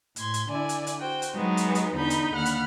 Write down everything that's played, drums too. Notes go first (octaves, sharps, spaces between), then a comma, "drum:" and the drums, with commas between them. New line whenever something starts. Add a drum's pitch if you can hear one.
A2 C6 G#6, drum: hi-hat
drum: hi-hat
D3 E4 D5 G#5
drum: hi-hat
drum: hi-hat
F#4 C5 G5
drum: hi-hat
F#3 G#3 B3 D#4
drum: hi-hat
drum: hi-hat
E2 D3 D#4 B5 G6
drum: hi-hat
D#2 D3 F#5 B5 F6
drum: hi-hat